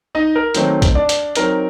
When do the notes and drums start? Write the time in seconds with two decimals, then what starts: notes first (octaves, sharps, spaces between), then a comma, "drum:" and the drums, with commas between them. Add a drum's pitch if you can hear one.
0.15 D#4 D#5
0.35 A#4
0.55 D#3 F#3 A3 C4 D#4, drum: hi-hat
0.82 drum: kick, hi-hat
0.95 D4 D5
1.09 drum: hi-hat
1.35 F#3 C4 D#4 A#4, drum: hi-hat